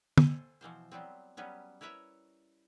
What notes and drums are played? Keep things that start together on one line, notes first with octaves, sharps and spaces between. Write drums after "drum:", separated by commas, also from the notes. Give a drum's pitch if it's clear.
A4 C5 G#5, drum: tom
B2 E3 F3 C5
F#3 G3 B3 C4
F#3 G3 B3 C#4
E4 A#4 B4 C#5 E5